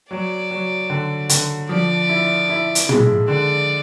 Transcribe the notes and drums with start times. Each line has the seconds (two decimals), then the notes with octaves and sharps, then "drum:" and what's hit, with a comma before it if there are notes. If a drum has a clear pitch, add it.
0.10 F#3 D5
0.51 F#3
0.90 D3
1.29 D3, drum: hi-hat
1.69 F3 D5
2.09 E4
2.49 E4
2.75 drum: hi-hat
2.89 G#3, drum: tom
3.28 D3 D5